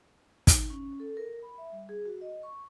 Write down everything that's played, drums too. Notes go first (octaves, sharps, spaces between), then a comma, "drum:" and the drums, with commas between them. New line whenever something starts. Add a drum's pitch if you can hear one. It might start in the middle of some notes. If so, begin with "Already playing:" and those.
D#4, drum: kick, hi-hat
C#4
A4
A#4
B5
E5
G3
G#4
F#4
D#5
C#6